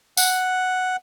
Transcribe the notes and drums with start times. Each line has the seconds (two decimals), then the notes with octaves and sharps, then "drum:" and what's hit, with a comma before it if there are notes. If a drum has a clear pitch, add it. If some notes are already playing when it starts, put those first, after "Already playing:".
0.17 F#5, drum: tambourine